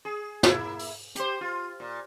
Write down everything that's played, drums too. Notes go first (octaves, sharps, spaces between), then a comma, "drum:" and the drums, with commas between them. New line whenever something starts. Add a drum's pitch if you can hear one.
G#4
A#3 E4, drum: snare
drum: open hi-hat
G4 C5, drum: hi-hat
F4
A#2